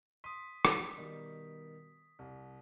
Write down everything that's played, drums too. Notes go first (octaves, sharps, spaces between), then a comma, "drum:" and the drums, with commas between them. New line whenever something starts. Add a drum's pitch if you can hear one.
C6 D#6 B6 D#7
drum: rim click
B2 D#3 G3
C2